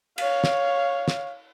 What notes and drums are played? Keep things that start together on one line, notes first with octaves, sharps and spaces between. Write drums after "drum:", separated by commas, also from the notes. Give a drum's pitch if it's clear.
C#5 F5, drum: cymbal
drum: snare
drum: snare